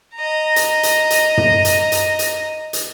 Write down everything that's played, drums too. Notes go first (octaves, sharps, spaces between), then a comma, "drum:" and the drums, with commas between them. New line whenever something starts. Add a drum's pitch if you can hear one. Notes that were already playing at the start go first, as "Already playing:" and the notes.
D#5 A#5
drum: hi-hat
drum: hi-hat
drum: hi-hat
drum: tom
drum: hi-hat
drum: hi-hat
drum: hi-hat
drum: hi-hat